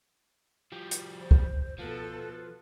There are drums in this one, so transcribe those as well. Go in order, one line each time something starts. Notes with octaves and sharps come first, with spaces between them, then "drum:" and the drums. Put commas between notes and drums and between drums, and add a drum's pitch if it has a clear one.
F3 G3
drum: hi-hat
C5
drum: kick
B2 F3 A4 B4